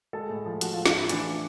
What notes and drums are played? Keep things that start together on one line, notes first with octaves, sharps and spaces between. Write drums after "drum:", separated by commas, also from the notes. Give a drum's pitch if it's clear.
G#3 A4 A5
A2
F3
F3 F#4 F#5, drum: hi-hat
F4 F5
F3
F4 F5, drum: snare
A2 E4 E5
E3 D4 D5, drum: hi-hat